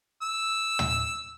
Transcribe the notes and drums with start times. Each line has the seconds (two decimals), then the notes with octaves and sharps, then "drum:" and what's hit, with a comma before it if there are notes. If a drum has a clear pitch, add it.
0.22 E6
0.79 drum: tom